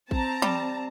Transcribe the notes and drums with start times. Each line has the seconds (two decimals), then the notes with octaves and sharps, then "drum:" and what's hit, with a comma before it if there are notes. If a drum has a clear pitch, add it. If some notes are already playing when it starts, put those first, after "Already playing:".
0.11 C4 A5 A#5, drum: kick
0.42 G3, drum: tom